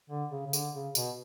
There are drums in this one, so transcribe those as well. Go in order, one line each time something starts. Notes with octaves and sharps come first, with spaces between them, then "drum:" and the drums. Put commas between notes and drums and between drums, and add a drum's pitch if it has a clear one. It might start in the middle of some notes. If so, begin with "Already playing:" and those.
D3
C#3
C#3
D3, drum: tambourine
C#3
B2, drum: tambourine